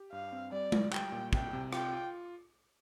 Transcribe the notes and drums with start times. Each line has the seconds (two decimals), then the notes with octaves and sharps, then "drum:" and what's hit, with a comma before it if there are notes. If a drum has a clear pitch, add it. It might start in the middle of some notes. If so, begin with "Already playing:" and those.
Already playing: G4
0.12 G2 F5
0.32 C4
0.52 G3 D5
0.72 F4, drum: tom G#3
0.92 G3 G5, drum: clap
1.12 A#2
1.33 C2 G5, drum: kick
1.53 C3
1.73 F4 G5, drum: rim click
1.93 F4